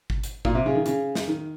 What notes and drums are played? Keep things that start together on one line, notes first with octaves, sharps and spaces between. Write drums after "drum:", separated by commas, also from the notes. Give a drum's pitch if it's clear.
drum: kick G1
drum: hi-hat
A#2, drum: kick G1
C3
C#3
D#3
C#3, drum: hi-hat
drum: snare
D#3